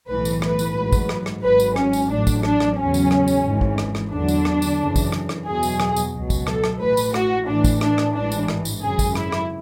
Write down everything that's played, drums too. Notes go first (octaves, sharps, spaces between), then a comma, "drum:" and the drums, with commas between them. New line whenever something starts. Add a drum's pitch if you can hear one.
B1 A2 E3 B4
drum: tambourine
B4, drum: rim click
drum: tambourine
A1 G#2 F#3
drum: kick, tambourine
drum: rim click
drum: rim click
G#1 G#2 F#3 B4
drum: tambourine
C#4, drum: rim click
drum: tambourine
A1 A2 F#3 D4
drum: kick, tambourine
D4, drum: rim click
drum: rim click
E2 C#3 F#3 C#4
drum: tambourine
drum: rim click
drum: tambourine
G#1 G#2 E3
drum: kick
drum: rim click
drum: rim click
E2 D3 F#3 D4
drum: tambourine
drum: rim click
drum: tambourine
F#2 C#3 E3
drum: kick, tambourine
drum: rim click
drum: rim click
E2 B2 F#3 G#4
drum: tambourine
drum: rim click
drum: tambourine
C#2 B2 F#3
drum: kick, tambourine
A4, drum: rim click
drum: rim click
A1 A2 E3 B4
drum: tambourine
F#4, drum: rim click
A1 A2 E3 D4
drum: kick, tambourine
D4, drum: rim click
drum: rim click
A1 G#2 E3 D4
drum: tambourine
drum: rim click
drum: tambourine
G#1 F#2 C#3 G#4
drum: kick, tambourine
E4, drum: rim click
drum: rim click